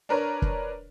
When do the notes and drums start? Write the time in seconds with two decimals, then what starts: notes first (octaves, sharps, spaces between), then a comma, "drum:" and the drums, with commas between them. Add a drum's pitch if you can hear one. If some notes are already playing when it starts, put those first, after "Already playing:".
0.09 D4 A#4 B4 C#5
0.42 drum: kick